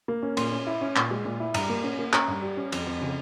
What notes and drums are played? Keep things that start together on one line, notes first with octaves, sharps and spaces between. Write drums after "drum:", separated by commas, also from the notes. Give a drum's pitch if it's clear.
A#3
C#4
A#2 C6, drum: cymbal
C#4
E4
C#4
A#2, drum: clap
G#3
A#2
E4
G2 A#5, drum: cymbal
A#3
C#4
A#3
C#4 A#5, drum: clap
G2
G3
C#4
F2, drum: cymbal
F2
C#3